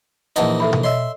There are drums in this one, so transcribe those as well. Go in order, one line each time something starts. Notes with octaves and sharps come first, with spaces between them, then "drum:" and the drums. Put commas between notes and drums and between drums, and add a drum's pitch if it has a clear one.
A#1 E3 D#4 D#5 F#5 A5, drum: hi-hat
A4 E5 B5
drum: tom B2
C#5 D#5 E5 C6